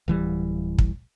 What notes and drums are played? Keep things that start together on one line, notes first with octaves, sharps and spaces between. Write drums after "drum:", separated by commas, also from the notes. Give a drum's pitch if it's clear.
D1 E3 G3
drum: kick